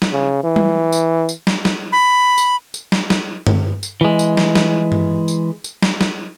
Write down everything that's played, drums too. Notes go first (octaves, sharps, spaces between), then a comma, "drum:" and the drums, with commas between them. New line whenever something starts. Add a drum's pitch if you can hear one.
drum: snare
C#3
E3
drum: tom G3
drum: tambourine
drum: tambourine
drum: snare
drum: snare
B5
drum: tambourine
drum: tambourine
drum: snare
drum: snare
drum: tom G2
drum: tambourine
E3 G#3
drum: tambourine
drum: snare
drum: snare
drum: tom G2
drum: tambourine
drum: tambourine
drum: snare
drum: snare